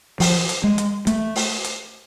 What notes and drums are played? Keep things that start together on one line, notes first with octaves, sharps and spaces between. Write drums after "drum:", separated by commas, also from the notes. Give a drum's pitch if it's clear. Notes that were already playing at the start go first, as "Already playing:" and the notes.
F3, drum: open hi-hat
drum: hi-hat
G#3
drum: hi-hat
A3, drum: hi-hat
drum: open hi-hat
drum: hi-hat